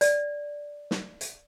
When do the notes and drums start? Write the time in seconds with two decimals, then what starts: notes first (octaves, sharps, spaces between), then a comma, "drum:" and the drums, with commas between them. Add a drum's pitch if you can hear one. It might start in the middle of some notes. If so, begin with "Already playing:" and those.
0.01 D5, drum: hi-hat
0.91 drum: snare
1.21 drum: hi-hat